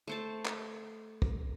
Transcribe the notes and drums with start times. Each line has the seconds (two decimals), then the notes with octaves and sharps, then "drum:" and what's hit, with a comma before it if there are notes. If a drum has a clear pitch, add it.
0.07 A3 C5 A5
0.46 drum: clap
1.22 drum: kick